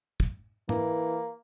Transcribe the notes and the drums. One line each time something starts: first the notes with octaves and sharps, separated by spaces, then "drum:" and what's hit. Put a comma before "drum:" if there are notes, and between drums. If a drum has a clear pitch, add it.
drum: kick
E3 A#3, drum: tom G#2